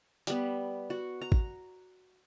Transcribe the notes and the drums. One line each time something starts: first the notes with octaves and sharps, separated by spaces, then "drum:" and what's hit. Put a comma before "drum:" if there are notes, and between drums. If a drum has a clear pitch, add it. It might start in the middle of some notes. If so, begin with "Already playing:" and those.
G3 B3, drum: hi-hat
F#4
A#5
drum: kick